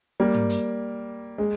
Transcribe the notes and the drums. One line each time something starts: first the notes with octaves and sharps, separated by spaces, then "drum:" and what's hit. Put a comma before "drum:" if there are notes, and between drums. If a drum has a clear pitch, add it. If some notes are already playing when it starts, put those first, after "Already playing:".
G3 A#3
drum: tom
drum: hi-hat
G#3